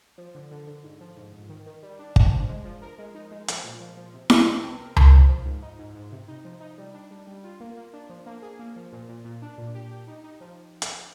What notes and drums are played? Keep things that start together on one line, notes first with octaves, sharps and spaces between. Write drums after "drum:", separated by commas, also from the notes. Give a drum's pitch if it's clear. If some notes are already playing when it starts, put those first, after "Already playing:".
F3
D3
D3
D3
G#2
F3
G#2
G#2
D#3
D#3
G3
D4
D4, drum: kick
F3
G#3
F3
A#4
G#3
D#4
G#3
F3, drum: hi-hat
A#2
F3
F3
C3
C3, drum: snare E4
C4
C4
A#4
A#4, drum: tom C#2
F3
F3
G#2
D#4
G#2
G#2
C3
D#4
F3
D#4
G3
D4
G3
G3
F4
A#3
A#3
D4
F3
A#3
G#4
A#3
F3
A#2
A#2
A#2
D4
A#2
G4
G4
D#4
D#4
F3
drum: hi-hat